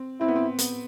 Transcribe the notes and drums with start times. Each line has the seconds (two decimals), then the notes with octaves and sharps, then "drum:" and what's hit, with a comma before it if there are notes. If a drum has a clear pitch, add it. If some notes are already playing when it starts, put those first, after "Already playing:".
Already playing: C4
0.21 C4 E4
0.28 B3
0.36 C4
0.59 B3, drum: hi-hat